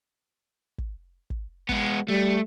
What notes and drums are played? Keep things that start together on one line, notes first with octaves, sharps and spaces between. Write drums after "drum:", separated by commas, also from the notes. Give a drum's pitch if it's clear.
drum: kick
drum: kick
G#3 B3, drum: kick
G3 A3